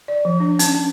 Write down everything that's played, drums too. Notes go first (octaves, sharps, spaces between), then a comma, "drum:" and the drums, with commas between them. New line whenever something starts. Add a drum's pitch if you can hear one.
D5
F3
D4
C#4, drum: hi-hat
C#4